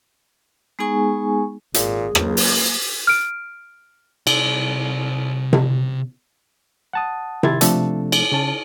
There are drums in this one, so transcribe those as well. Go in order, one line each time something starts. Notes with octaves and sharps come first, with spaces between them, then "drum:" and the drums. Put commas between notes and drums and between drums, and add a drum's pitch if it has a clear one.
G#3 B3 D#4 G#4 G#5 C#6
G#1 A#2 G#4, drum: hi-hat
C#2 F#3 A#3, drum: rim click
drum: open hi-hat
F6 D7
C3 D5, drum: cymbal
drum: tom C3
F#5 A5 D#6
D#3 E4 G4 C6 G#6 A6, drum: tom C3
C3 F3 A3 C4 D4 A4, drum: hi-hat
drum: cymbal
C#3 C#4 A5